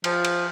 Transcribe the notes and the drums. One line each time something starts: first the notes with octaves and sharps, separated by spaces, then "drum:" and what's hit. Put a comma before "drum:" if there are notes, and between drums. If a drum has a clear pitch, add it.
F3, drum: cymbal
drum: cymbal